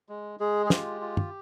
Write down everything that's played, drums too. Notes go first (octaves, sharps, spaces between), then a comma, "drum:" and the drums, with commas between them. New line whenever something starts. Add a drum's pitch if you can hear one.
G#3
G#3 G#4
G#4
F4 G4, drum: snare
F4
drum: tom